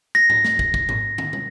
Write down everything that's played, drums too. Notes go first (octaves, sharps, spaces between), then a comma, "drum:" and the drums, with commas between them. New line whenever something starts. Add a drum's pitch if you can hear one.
A#6
drum: tom G#2
drum: snare
drum: kick
drum: kick
drum: tom G#2
drum: tom
drum: tom